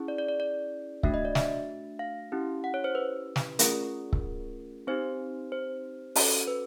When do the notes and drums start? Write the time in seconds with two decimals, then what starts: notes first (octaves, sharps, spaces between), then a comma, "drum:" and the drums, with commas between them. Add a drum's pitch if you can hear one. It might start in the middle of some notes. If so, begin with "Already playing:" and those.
Already playing: C#4 E4 G#4
0.08 D5
0.18 D5
0.28 D5
0.40 D5
1.03 A3 D4 F#4 E5, drum: kick C#1
1.14 D#5
1.25 D5
1.35 E5, drum: snare
1.99 F5
2.32 C#4 E4 G4
2.64 F#5
2.74 C#5
2.84 C5
2.95 B4
3.36 drum: snare
3.59 A3 C#4 F4 G#4 A#4, drum: hi-hat
4.13 drum: kick C#1
4.87 C4 D#4 G4 C5
5.52 C5
6.16 C#4 F#4 A4, drum: open hi-hat
6.47 B4